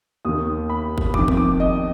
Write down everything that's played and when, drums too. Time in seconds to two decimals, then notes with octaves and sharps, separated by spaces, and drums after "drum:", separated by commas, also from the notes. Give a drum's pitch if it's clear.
0.25 D#2 D#3 D#6
0.70 B5
0.98 drum: kick
1.14 F2 D#3 D6, drum: kick
1.28 drum: kick
1.37 D6
1.60 D#5